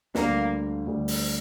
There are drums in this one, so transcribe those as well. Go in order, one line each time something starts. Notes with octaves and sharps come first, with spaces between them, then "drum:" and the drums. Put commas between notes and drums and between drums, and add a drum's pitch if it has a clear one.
D2 D3 G3 A#3, drum: snare
D2 D3 G3
drum: open hi-hat